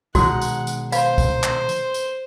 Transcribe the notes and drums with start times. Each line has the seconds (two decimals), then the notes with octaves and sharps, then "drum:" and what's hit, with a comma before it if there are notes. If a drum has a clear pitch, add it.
0.15 B1 D#3 G#3 F#4 F#5, drum: kick C2, tambourine
0.41 drum: tambourine
0.67 drum: tambourine
0.92 C5 F5 B5, drum: tambourine
1.18 drum: kick C2, tambourine
1.43 drum: clap
1.69 drum: tambourine
1.94 drum: tambourine